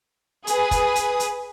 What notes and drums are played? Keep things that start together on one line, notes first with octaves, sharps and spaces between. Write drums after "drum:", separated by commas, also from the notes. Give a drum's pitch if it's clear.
G#4 B4 D#6, drum: hi-hat
drum: kick, hi-hat
drum: hi-hat
drum: hi-hat